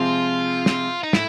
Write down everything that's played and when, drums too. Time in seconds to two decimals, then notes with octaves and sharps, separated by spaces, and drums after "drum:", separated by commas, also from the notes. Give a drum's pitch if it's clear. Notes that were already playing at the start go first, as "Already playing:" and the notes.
Already playing: C3 F3 G#3 C4 F4
0.66 drum: snare
1.04 D#4
1.13 A2 E4, drum: snare